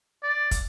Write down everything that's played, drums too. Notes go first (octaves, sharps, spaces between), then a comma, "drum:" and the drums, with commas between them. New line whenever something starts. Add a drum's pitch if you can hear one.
D5
drum: kick, hi-hat